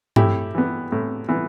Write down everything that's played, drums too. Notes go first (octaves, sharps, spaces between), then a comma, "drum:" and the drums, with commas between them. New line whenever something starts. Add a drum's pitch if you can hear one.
A2 E4 G4, drum: tom G2
E3 B3
A2
E3 B3